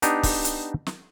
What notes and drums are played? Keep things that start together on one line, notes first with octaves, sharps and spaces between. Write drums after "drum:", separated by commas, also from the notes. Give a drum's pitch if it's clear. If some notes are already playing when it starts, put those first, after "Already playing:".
B3 D4 D#4 G4, drum: hi-hat
drum: kick, open hi-hat
drum: hi-hat
drum: snare